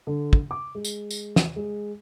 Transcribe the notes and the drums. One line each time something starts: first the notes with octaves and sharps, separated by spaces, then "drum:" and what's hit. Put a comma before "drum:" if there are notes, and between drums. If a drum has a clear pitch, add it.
D3
drum: kick
D6
G#3
drum: tambourine
drum: tambourine
drum: snare
G#3